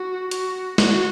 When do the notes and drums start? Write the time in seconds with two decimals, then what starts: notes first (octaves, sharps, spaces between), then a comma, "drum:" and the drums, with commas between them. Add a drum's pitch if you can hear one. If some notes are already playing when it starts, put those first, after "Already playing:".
Already playing: F#4
0.31 F#4, drum: hi-hat
0.78 F#4, drum: snare